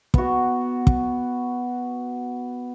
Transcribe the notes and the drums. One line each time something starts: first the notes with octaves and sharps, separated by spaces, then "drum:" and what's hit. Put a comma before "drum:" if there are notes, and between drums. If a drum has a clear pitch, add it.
B3 F#4, drum: kick
drum: kick